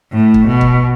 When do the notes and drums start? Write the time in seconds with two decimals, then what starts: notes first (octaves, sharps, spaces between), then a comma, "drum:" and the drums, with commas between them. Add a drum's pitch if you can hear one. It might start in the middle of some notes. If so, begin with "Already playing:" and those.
0.13 A2
0.34 drum: kick
0.47 B2
0.61 drum: kick